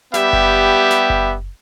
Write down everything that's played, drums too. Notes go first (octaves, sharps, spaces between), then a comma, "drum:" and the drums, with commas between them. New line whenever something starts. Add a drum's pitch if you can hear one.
G3 B3 G4 E5, drum: snare
drum: kick F#1
drum: snare
drum: kick F#1